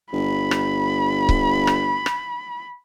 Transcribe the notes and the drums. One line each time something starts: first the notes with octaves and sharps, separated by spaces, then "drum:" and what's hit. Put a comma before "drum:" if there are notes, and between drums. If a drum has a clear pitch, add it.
G1 B5
drum: rim click
drum: kick C#1
drum: rim click
drum: rim click